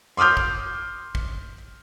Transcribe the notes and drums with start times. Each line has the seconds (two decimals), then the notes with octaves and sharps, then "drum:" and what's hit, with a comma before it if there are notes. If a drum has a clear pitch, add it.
0.17 C6 D6 D#6 F6 G6
0.37 drum: kick
1.15 drum: kick